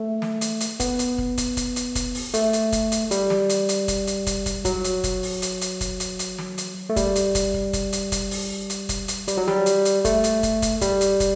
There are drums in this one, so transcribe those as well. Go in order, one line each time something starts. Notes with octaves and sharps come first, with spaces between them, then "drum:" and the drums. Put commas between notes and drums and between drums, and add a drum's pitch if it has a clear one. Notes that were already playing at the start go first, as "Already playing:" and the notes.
Already playing: A3
drum: snare
drum: hi-hat
drum: hi-hat
B3, drum: kick, hi-hat
drum: hi-hat
drum: kick
drum: kick, hi-hat
drum: kick, hi-hat
drum: hi-hat
drum: kick, hi-hat
drum: open hi-hat
A3, drum: hi-hat
drum: hi-hat
drum: kick, hi-hat
drum: hi-hat
G3, drum: hi-hat
drum: snare
drum: hi-hat
drum: hi-hat
drum: kick, hi-hat
drum: hi-hat
drum: kick, hi-hat
drum: kick, hi-hat
F#3, drum: kick, hi-hat
drum: hi-hat
drum: kick, hi-hat
drum: open hi-hat
drum: hi-hat
drum: hi-hat
drum: kick, hi-hat
drum: hi-hat
drum: hi-hat
drum: snare
drum: hi-hat
A3
G3, drum: kick, hi-hat
drum: hi-hat
drum: kick, hi-hat
drum: kick
drum: kick, hi-hat
drum: hi-hat
drum: kick, hi-hat
drum: open hi-hat
drum: hi-hat
drum: kick, hi-hat
drum: hi-hat
G3, drum: hi-hat
F#3
G3, drum: snare
drum: hi-hat
drum: hi-hat
A3, drum: kick, hi-hat
drum: hi-hat
drum: kick, hi-hat
drum: kick, hi-hat
G3, drum: kick, hi-hat
drum: hi-hat
drum: kick, hi-hat